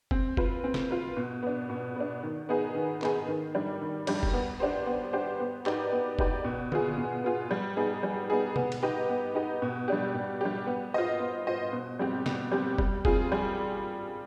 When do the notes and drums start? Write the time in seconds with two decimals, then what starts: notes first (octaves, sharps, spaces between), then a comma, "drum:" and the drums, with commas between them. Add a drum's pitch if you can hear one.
0.11 C4, drum: kick F1
0.37 F4 B4, drum: kick F1
0.64 C4
0.74 drum: snare
0.91 F4 B4
1.17 B2
1.43 B3 D4
1.70 B2
1.96 B3 D4
2.23 D#3
2.49 B3 D#4 G#4 B4
2.75 D#3
3.02 B3 D#4 G#4 B4, drum: clap
3.28 D#3
3.55 G3 D4
3.81 D#3
4.07 G3 D4, drum: cymbal
4.23 drum: kick F1
4.33 B3
4.60 D4 G4 C5
4.86 B3
5.13 D4 G4 C5
5.40 B3
5.66 D#4 G4 B4 D5, drum: clap
5.92 B3
6.19 D#4 G4 B4 D5, drum: kick F1
6.45 B2
6.72 B3 F4 G#4, drum: tom D3
6.97 B2
7.24 B3 F4 G#4
7.51 G3
7.77 B3 D#4 G#4
8.03 G3
8.30 B3 D#4 G#4
8.56 B3, drum: tom B2
8.72 drum: cymbal
8.83 D#4 G4 B4 D#5
9.10 B3
9.35 D#4 G4 B4 D#5
9.62 B2
9.88 G3 D4 G4
10.15 B2
10.41 G3 D4 G4
10.67 B3
10.94 F4 C5 D#5
11.20 B3
11.47 F4 C5 D#5
11.73 B2
11.99 G3 C4 G4
12.26 B2, drum: snare
12.52 G3 C4 G4
12.78 G3, drum: kick F1
13.05 C4 F4 G#4, drum: kick F1
13.32 G3